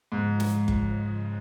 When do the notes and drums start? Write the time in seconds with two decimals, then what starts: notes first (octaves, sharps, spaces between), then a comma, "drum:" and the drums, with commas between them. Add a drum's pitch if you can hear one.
0.12 G#2 C#3 F3 G#3
0.40 drum: snare
0.68 drum: kick F#1